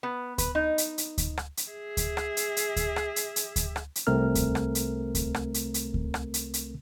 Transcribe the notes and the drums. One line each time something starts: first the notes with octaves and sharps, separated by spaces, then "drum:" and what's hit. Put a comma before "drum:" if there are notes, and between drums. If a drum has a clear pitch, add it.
B3
B4, drum: kick D2, hi-hat
D#4
drum: hi-hat
drum: hi-hat
drum: kick D2, hi-hat
drum: rim click
drum: hi-hat
G#4 E5
drum: kick D2, hi-hat
drum: rim click
drum: hi-hat
drum: hi-hat
drum: kick D2, hi-hat
drum: rim click
drum: hi-hat
drum: hi-hat
drum: kick D2, hi-hat
drum: rim click
drum: hi-hat
C2 A3 C4 A#4 F6
drum: kick D2, hi-hat
drum: rim click
drum: hi-hat
drum: kick D2, hi-hat
drum: rim click
drum: hi-hat
drum: hi-hat
drum: kick D2
drum: rim click
drum: hi-hat
drum: hi-hat